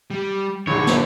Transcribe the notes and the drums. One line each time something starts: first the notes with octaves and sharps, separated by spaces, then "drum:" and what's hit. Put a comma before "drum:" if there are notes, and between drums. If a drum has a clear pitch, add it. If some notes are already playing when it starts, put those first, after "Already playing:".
G3
A#1 G#2 D3 C#5
drum: snare